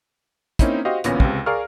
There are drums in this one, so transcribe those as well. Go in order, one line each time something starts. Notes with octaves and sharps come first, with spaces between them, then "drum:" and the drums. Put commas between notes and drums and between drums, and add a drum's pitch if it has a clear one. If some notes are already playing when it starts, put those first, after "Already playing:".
A#3 C4 C#4 D#4 E4, drum: kick, hi-hat
F#4 G4 C5 D#5 F5
A1 D2 A#2 B3 C#4 A#6, drum: hi-hat
C#2 C3, drum: kick
G#4 A#4 D5 F5 C#6 F6